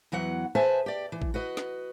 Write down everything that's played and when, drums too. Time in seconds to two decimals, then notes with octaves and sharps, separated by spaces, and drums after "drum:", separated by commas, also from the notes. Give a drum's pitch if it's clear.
0.12 E2 E3 F#3 F#5
0.55 G#4 B4 C5 E5 G#5 A5
0.86 G4 D5
1.12 E3
1.22 drum: kick A1
1.34 F#4 B4 D#5
1.57 drum: snare